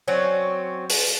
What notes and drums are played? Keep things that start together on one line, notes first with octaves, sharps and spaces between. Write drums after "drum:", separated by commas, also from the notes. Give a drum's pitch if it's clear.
F#3 C4 C#4
drum: open hi-hat